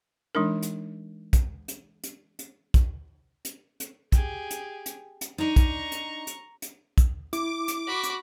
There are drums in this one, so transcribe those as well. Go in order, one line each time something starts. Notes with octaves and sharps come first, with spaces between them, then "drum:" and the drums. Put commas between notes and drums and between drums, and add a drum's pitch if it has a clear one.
E3 G#3 D4 D#4 A#4
drum: hi-hat
drum: kick, hi-hat
drum: hi-hat
drum: hi-hat
drum: hi-hat
drum: kick, hi-hat
drum: hi-hat
drum: hi-hat
G4 G#4, drum: kick, hi-hat
drum: hi-hat
drum: hi-hat
drum: hi-hat
D4 D#4 A#5 C#6
drum: kick, hi-hat
drum: hi-hat
drum: hi-hat
drum: hi-hat
drum: kick, hi-hat
E4 D6, drum: hi-hat
drum: hi-hat
F#4 B5
drum: hi-hat